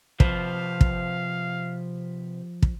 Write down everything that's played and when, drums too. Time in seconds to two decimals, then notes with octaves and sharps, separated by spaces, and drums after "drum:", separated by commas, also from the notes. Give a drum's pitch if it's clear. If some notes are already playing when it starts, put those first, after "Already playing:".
0.20 C3 F3 B4 C5 F5, drum: kick
0.81 drum: kick
2.62 drum: kick